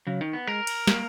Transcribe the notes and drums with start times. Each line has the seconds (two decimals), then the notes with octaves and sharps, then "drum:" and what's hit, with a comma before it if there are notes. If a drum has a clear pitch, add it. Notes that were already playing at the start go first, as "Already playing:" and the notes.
0.07 C#3 F#3
0.21 D#3
0.33 B3
0.47 G#3 A#4
0.67 drum: cymbal
0.87 A#3, drum: snare